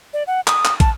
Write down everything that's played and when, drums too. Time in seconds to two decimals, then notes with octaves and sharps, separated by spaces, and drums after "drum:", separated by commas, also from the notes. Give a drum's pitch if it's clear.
0.13 D5
0.27 F#5
0.47 D#6, drum: clap
0.65 drum: clap
0.80 A5, drum: kick, hi-hat